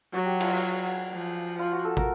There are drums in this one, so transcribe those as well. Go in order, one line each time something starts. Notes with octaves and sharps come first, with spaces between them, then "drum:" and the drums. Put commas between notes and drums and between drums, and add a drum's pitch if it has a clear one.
F#3 F#4
G4
F4, drum: cymbal
F#4
F3
F4
F#4
A4
A#4, drum: kick